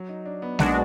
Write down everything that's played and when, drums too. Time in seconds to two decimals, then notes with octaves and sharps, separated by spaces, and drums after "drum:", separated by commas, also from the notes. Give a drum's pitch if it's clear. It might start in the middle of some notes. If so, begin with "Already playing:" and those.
Already playing: F#3
0.09 D#4
0.26 D4
0.42 B3
0.59 B1 B2 G#3 A#3 D4 F#4, drum: snare